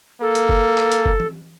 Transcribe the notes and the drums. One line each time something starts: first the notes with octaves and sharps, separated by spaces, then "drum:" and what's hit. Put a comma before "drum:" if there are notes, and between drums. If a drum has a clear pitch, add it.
A#3 A4
drum: hi-hat
drum: kick F#1
drum: clap
drum: hi-hat
drum: kick F#1
drum: tom E3